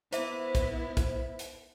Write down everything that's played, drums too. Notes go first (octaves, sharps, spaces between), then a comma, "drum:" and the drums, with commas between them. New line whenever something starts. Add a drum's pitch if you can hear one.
B3 E4 C5 E5, drum: hi-hat
drum: kick, hi-hat
drum: kick, hi-hat
drum: hi-hat